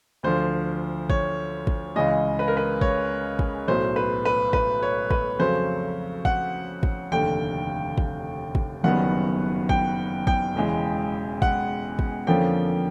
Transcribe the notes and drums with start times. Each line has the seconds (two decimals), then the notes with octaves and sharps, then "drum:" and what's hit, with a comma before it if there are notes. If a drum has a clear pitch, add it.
0.23 D2 D3 F3 C5
1.10 C#5, drum: kick G#1
1.67 drum: kick G#1
1.96 C#2 C#3 E3 G#3 D#5
2.39 B4
2.48 A#4
2.57 B4
2.81 C#5, drum: kick G#1
3.39 drum: kick G#1
3.68 B1 A2 F#3 C5
3.96 B4
4.25 B4
4.53 B4, drum: kick G#1
4.83 C#5
5.11 B4, drum: kick G#1
5.39 F2 C#3 F#3 A3 C#4 C5
6.25 F#5, drum: kick G#1
6.83 drum: kick G#1
7.11 F1 D#2 D3 G5
7.98 drum: kick G#1
8.55 drum: kick G#1
8.83 F#1 F#2 D#3 G3 B3 F#5
9.69 G5, drum: kick G#1
10.27 G5, drum: kick G#1
10.55 E1 E2 C#3 E3 G#3
11.42 F#5, drum: kick G#1
11.99 drum: kick G#1
12.27 F2 D3 F3 A#3 C#4 G5